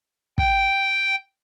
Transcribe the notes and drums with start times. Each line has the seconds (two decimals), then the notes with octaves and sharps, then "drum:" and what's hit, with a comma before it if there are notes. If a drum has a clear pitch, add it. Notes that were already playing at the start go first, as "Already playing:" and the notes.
0.38 G5, drum: kick